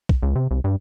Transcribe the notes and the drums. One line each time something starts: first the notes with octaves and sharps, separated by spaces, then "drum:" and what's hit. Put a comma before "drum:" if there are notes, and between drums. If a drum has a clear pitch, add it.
drum: kick
C#2
C3
C2
G2